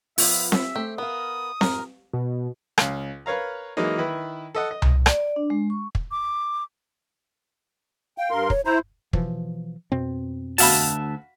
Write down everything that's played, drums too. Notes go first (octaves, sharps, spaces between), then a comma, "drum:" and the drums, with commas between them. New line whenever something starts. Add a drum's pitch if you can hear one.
F3 B3 F4 E5, drum: open hi-hat
E5, drum: snare C4
A3 C4 G4
B3 A#4 F5 D#6
F2 G#2 A#4 C5, drum: snare C4
B2
C#2 F5, drum: rim click
A#4 B4 C#5 F5 A#5
E3 F#3 G#3 A#3 D#4
D#3 E4 B4
A4 D#5 F#5
D#5
drum: tom C2
D5, drum: rim click
D5
D4
G#3
C#6
drum: kick
D6
F5 G5
G2 A#4 C6
C#5, drum: kick
E4 C5 A#5
B2 E3 F3, drum: kick
F2 B2 C4
D2 F#4 E5 F5 A5 B5, drum: open hi-hat